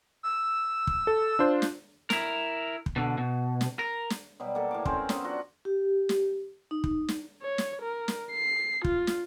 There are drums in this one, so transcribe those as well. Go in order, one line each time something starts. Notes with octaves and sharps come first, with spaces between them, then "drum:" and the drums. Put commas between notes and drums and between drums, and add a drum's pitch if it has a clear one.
E6
drum: kick
A4
D4 F4 C5
drum: snare
E4 A#4, drum: snare
drum: kick
B2 D3
B2
drum: snare
A#4
drum: snare
B2 F#3 G3
A#3 A4
A2 F5 D6
C4 C#4 A#4 C5, drum: kick
F#3 B3 C#4, drum: snare
D4 F4 F#4
G4
drum: snare
D#4
drum: kick
drum: snare
C#5
drum: snare
A#4
drum: snare
C7
F4, drum: kick
drum: snare